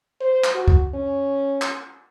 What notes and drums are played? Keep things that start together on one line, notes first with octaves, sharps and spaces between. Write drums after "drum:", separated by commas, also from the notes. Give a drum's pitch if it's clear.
C5
drum: clap
F#4
drum: kick C#2
C#4
drum: clap